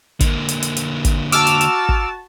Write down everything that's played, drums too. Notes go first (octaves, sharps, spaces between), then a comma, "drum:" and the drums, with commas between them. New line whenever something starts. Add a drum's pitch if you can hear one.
D3 A#3, drum: kick, hi-hat
drum: hi-hat
drum: hi-hat
drum: hi-hat
drum: kick, hi-hat
F#4 A5 D6 E6 F6, drum: hi-hat
drum: hi-hat
drum: hi-hat
drum: kick